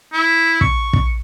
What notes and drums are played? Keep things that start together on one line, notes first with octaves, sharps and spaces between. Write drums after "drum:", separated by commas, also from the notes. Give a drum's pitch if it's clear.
E4
C#6, drum: kick
drum: kick